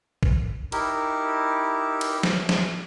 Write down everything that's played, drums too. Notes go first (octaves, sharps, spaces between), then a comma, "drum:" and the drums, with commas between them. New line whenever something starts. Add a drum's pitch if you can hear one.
drum: kick
D#4 E4 G4 A#4, drum: cymbal
drum: cymbal
drum: snare
drum: snare